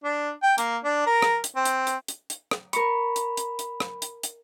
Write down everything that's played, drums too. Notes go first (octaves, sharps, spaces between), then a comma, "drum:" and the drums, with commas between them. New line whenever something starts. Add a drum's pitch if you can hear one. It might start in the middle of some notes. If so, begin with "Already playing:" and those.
D4
G5
A#3, drum: hi-hat
D4
A#4
drum: rim click
drum: hi-hat
C4
drum: hi-hat
drum: hi-hat
drum: hi-hat
drum: hi-hat
drum: rim click
A#4 B5 C#6, drum: hi-hat
drum: hi-hat
drum: hi-hat
drum: hi-hat
drum: rim click
drum: hi-hat
drum: hi-hat